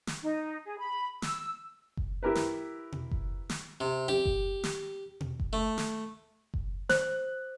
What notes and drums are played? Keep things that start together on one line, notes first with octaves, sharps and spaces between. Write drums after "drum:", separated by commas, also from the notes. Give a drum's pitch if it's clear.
drum: snare
D#4
G#4
B5
E6, drum: snare
drum: kick F#1
E4 G4 A#4 B4
drum: snare
drum: tom B2
drum: kick F#1
drum: snare
C3
G4, drum: tom C4
drum: kick F#1
drum: snare
drum: tom B2
drum: kick F#1
A3
drum: snare
drum: kick F#1
C5 F#6, drum: snare